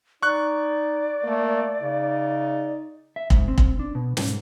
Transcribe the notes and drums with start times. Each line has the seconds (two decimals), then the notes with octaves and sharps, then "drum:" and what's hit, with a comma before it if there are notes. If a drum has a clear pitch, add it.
0.23 D#4 D5 C#6 F#6
1.24 A3 A#3
1.81 C#3 D#4
3.16 E5
3.30 G#2, drum: kick
3.48 C4
3.58 drum: kick
3.79 D4
3.95 B2
4.17 G#2, drum: snare